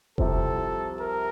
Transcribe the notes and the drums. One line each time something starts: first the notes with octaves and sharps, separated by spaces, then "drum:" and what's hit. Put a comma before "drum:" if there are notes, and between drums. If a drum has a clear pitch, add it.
C2 C3 F3 C4 A4, drum: kick F1
A#4